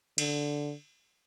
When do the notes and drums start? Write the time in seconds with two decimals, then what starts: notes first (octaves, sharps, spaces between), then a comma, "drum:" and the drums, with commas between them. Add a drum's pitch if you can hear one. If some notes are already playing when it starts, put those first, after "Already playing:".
0.18 D3, drum: cymbal